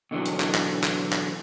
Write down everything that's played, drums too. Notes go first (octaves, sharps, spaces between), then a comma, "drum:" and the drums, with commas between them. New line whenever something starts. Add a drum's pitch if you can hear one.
B2 D3 E3 F#3
drum: hi-hat
drum: clap
drum: clap
drum: clap
drum: clap